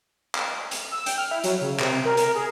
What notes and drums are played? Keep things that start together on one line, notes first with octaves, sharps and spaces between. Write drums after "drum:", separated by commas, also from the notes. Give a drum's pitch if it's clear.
drum: clap
drum: hi-hat
E6
G5, drum: hi-hat
F6
E4
F#3, drum: hi-hat
C#3
C3, drum: clap
A#4
A#4, drum: hi-hat
G#4